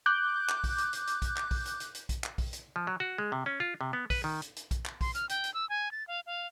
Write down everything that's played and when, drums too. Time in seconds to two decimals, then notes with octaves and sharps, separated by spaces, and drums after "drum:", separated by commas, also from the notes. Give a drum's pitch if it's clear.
0.06 D6 F#6 G6
0.49 drum: clap
0.64 drum: kick B1, open hi-hat
0.78 drum: hi-hat
0.93 drum: hi-hat
1.07 drum: hi-hat
1.22 drum: kick B1, hi-hat
1.36 drum: clap
1.51 drum: kick B1, open hi-hat
1.66 drum: hi-hat
1.80 drum: hi-hat
1.95 drum: hi-hat
2.09 drum: kick B1, hi-hat
2.24 drum: clap
2.38 drum: kick B1, open hi-hat
2.53 drum: hi-hat
2.76 F3
2.87 F#3
3.00 F#4
3.18 G#3
3.32 C3
3.46 C#4
3.60 F4
3.81 C3
3.93 B3
4.10 B4, drum: kick B1, open hi-hat
4.24 D#3
4.42 drum: hi-hat
4.56 drum: hi-hat
4.71 drum: kick B1, hi-hat
4.86 drum: clap
5.01 C6, drum: kick B1, open hi-hat
5.15 F6, drum: hi-hat
5.29 G5, drum: hi-hat
5.44 drum: hi-hat
5.54 E6
5.69 G#5
5.92 A6
6.07 F5
6.26 F5